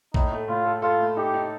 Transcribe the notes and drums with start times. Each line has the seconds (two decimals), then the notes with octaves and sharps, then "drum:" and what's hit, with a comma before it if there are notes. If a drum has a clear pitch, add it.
0.14 A2 D#4, drum: kick A#1
0.32 A3
0.48 A2 F4
0.65 A4
0.82 F4 A4
1.00 A3
1.17 D#4 G4
1.34 D#4